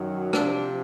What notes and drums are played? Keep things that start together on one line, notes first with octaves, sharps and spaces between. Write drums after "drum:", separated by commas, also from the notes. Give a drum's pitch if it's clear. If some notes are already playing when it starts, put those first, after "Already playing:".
Already playing: F#2 D#3 F#3
C3 F3 D4, drum: rim click